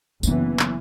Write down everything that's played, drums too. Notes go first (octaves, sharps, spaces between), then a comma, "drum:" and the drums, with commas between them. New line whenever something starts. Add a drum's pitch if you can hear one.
F#1 E3 B3 D4, drum: tambourine
drum: clap